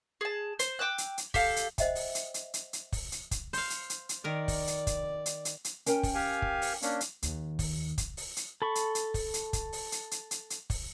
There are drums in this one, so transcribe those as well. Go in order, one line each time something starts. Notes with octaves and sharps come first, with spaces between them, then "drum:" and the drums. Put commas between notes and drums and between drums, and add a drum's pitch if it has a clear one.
G#4 A5
C5, drum: hi-hat
G5 D6 E6 F#6
drum: hi-hat
drum: hi-hat
G4 A4 F5, drum: kick, open hi-hat
drum: hi-hat
C5 D#5 E5 F#5 G5, drum: kick, hi-hat
drum: open hi-hat
drum: hi-hat
drum: hi-hat
drum: hi-hat
drum: hi-hat
drum: kick, open hi-hat
drum: hi-hat
drum: kick, hi-hat
C5 F5, drum: open hi-hat
drum: hi-hat
drum: hi-hat
drum: hi-hat
D#3 A#4 D5
drum: kick, open hi-hat
drum: hi-hat
drum: kick, hi-hat
drum: hi-hat
drum: hi-hat
drum: hi-hat
C#4 A#4 G5, drum: hi-hat
drum: kick, open hi-hat
G4 F5 G#5
drum: kick
drum: open hi-hat
A#3 C#4 D4, drum: hi-hat
drum: hi-hat
D#2, drum: hi-hat
drum: kick, open hi-hat
drum: kick, hi-hat
drum: open hi-hat
drum: hi-hat
A4 B5 C#6
drum: hi-hat
drum: hi-hat
drum: kick, open hi-hat
drum: hi-hat
drum: kick, hi-hat
drum: open hi-hat
drum: hi-hat
drum: hi-hat
drum: hi-hat
drum: hi-hat
drum: kick, open hi-hat